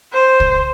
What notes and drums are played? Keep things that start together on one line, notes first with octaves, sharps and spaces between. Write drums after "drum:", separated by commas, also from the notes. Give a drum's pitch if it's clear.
C5
drum: kick